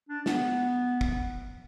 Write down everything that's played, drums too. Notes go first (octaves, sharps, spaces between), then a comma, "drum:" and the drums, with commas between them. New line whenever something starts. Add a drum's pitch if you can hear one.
D4
B3, drum: snare
drum: kick